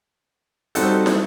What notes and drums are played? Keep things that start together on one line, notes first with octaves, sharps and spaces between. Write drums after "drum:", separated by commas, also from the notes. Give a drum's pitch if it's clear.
G3 C4 D#4 F#4 A4, drum: hi-hat
drum: snare